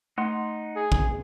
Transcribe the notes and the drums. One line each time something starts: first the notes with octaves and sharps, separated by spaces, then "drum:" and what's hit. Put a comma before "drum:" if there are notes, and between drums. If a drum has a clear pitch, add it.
A3 D#4 F#5 C6
G#4
drum: kick